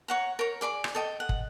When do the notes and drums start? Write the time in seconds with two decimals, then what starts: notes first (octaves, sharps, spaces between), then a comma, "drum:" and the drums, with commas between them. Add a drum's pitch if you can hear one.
0.08 C#5 F#5 A#5
0.39 A#4 C#5
0.61 G#4 D5 B5 D6
0.84 drum: rim click
0.95 A4 D#5 G5
1.20 F#5
1.29 drum: kick